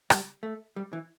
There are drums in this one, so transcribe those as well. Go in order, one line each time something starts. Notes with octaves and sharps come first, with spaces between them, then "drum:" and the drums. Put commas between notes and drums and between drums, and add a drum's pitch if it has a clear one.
G3, drum: rim click
A3
G3
E3